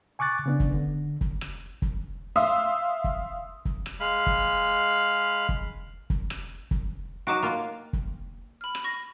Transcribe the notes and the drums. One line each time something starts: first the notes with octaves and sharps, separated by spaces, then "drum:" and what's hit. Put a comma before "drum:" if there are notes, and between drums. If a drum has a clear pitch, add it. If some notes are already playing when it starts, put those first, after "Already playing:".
G#5 C#6 D6 F#6 A6
C#3 B3 D4
drum: kick
D3
drum: kick
drum: rim click
drum: kick
E5 F5 C6 D#6 E6
drum: kick
drum: kick
drum: rim click
G#3 F5 B5
drum: kick
drum: kick
drum: kick
drum: rim click
drum: kick
F#3 D#4 F#4 G5 D6 E7
A#3 F4
drum: kick
B5 F6
drum: rim click
C#6 A#6